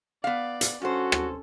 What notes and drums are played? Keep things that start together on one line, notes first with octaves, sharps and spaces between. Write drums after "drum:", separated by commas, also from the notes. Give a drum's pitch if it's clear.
B3 D5 F5
drum: hi-hat
G2 C#4 F#4 A4 C5
drum: rim click